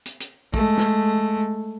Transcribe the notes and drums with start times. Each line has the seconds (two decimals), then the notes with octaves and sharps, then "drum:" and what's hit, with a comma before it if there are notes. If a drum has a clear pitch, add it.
0.06 drum: hi-hat
0.20 drum: hi-hat
0.54 G#3 A3, drum: kick
0.78 drum: snare